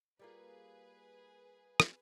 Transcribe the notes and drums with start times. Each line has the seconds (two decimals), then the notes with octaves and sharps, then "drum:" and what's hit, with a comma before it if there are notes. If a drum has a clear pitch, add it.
0.19 G3 A#3 F4 G#4 B4
1.80 drum: rim click